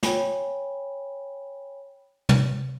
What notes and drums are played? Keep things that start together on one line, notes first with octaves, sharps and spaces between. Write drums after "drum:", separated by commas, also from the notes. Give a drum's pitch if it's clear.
C#5 G5 G#5 B5, drum: snare
drum: tom